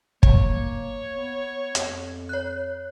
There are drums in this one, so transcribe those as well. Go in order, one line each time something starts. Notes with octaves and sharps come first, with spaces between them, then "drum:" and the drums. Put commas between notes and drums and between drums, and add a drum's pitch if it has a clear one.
A#3 C#5, drum: kick
A#3
B3
F2, drum: hi-hat
C#5 F#6